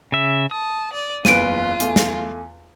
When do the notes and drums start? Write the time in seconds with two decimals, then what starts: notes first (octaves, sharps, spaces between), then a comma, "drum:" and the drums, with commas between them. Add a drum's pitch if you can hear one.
0.12 C#3 E5
0.51 A5 D#6
0.93 D5
1.25 F#1 E2 F4 B4 D7 D#7, drum: snare
1.80 E2 A3 G#5, drum: hi-hat
1.96 drum: snare